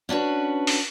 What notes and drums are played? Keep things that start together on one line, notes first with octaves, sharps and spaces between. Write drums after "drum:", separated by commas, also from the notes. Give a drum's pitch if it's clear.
C#4 D4 F#4 B4
drum: open hi-hat